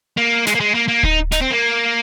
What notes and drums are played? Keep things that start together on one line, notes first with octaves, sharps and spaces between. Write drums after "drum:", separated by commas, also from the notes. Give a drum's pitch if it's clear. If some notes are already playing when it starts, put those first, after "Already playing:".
A#3
G#3, drum: snare
A#3
G#3
A#3
A#3
D#4, drum: kick D1
D#4, drum: snare
C4
A#3